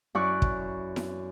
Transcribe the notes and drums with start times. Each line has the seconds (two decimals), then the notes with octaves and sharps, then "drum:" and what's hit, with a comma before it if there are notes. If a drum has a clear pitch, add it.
0.15 F#2 E4 D5 C#6 F#6
0.42 drum: kick
0.96 drum: snare E4